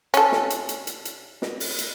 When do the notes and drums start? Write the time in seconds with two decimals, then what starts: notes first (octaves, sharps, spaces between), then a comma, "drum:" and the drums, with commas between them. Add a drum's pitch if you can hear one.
0.14 C#4 A4, drum: hi-hat
0.32 drum: snare
0.50 drum: hi-hat
0.69 drum: hi-hat
0.87 drum: hi-hat
1.05 drum: hi-hat
1.42 drum: snare
1.60 drum: open hi-hat
1.79 drum: hi-hat